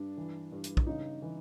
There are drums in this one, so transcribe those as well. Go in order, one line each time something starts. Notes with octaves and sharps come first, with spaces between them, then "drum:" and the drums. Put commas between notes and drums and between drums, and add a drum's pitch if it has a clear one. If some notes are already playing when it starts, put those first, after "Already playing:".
Already playing: G2 D4
E3
G2
drum: hi-hat
drum: kick
C#3 D#4
E3